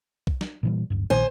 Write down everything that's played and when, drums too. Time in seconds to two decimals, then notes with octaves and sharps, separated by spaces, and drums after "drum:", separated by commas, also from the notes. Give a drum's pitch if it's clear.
0.27 drum: kick B1
0.41 drum: snare
0.63 A#2 E3 G3
0.90 D1 G2
1.10 A#1 A#2 D#3 C5 G#5